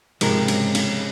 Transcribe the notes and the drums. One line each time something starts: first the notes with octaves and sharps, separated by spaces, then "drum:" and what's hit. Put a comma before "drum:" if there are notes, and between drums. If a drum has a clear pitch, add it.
G#2 C3 F3 G#3 D#4 A#4, drum: cymbal
C3
C#3, drum: cymbal
C#3, drum: cymbal